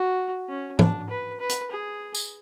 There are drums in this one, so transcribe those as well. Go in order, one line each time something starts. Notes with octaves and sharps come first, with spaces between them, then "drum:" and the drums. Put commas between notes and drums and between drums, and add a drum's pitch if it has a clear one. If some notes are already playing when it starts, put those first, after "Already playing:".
Already playing: F#4
C#4
D4, drum: tom
B4
B4
drum: hi-hat
G#4
drum: tambourine